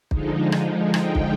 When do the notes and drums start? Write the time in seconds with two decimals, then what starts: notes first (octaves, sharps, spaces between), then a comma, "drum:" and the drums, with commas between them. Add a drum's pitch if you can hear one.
0.11 D3 F3 G#3 D#4, drum: kick
0.52 drum: rim click
0.94 G5, drum: rim click
1.15 drum: kick